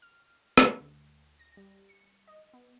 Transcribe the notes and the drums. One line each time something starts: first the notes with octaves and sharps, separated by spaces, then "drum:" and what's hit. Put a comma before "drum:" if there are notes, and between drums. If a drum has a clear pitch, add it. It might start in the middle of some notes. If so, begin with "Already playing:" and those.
F6
drum: rim click
D2
A#6
G3
C#7
D#5
B3